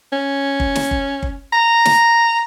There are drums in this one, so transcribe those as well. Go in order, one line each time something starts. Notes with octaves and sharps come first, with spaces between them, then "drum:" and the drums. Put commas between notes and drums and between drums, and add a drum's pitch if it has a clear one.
C#4
drum: kick G1
drum: snare
drum: kick G1
drum: kick G1
A#5
drum: snare